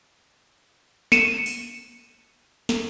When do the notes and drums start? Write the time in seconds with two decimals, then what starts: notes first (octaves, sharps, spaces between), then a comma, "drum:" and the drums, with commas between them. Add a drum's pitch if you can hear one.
1.12 C#7 D#7 E7, drum: snare
1.46 drum: open hi-hat
2.69 drum: snare